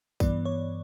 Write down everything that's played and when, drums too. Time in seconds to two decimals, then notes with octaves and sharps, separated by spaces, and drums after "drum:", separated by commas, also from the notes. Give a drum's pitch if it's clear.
0.20 G2 E3 B3 D5, drum: kick, tambourine
0.45 C#5